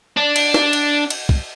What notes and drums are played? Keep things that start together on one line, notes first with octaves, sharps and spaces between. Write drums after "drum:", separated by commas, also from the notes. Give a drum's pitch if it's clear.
D4
drum: cymbal
drum: snare
drum: cymbal
drum: cymbal
drum: kick